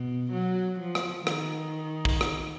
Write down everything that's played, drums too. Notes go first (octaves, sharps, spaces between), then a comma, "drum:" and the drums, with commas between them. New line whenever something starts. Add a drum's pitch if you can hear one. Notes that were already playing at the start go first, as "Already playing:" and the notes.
Already playing: B2
F#3
F3
drum: rim click
D#3, drum: rim click
drum: kick
drum: rim click